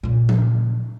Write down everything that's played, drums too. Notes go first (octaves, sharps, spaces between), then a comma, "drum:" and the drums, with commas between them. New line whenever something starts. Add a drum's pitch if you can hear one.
A#2 C#3
drum: tom F3